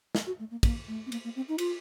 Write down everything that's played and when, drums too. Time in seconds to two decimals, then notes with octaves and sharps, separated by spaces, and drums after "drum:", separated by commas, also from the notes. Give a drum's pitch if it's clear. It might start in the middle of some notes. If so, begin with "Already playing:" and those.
0.15 drum: snare
0.27 F#4
0.39 A3
0.51 A#3
0.63 A#3, drum: kick, cymbal
0.88 A3
1.06 C4
1.12 A#3, drum: cymbal
1.24 A#3
1.36 C4
1.49 D#4
1.58 F4, drum: cymbal